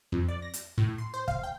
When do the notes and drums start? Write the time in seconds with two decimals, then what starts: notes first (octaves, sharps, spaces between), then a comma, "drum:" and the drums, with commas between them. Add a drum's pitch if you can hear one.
0.12 F2
0.28 D5
0.42 A#6
0.54 drum: hi-hat
0.78 A2
0.98 C6
1.14 C5
1.28 F5, drum: kick
1.43 G5